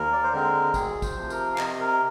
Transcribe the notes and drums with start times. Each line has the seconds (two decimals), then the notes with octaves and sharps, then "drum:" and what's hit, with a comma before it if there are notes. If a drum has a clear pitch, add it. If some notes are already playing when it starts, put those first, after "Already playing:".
Already playing: D#2 A#4
0.13 D5
0.23 C5
0.33 D3 G#3 C4 A#4
0.74 D2 G#4, drum: kick, tambourine
1.02 C5, drum: kick, tambourine
1.17 C3 F3
1.30 A#4, drum: tambourine
1.54 F5
1.58 C3 D#5, drum: clap
1.80 A#4